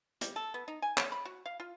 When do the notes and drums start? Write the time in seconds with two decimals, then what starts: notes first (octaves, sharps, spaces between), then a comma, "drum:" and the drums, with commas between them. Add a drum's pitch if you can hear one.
0.21 G3, drum: hi-hat
0.36 A4
0.54 B3
0.68 D#4
0.82 G#5
0.98 C#5, drum: clap
1.12 B5
1.25 F#4
1.46 F5
1.60 F4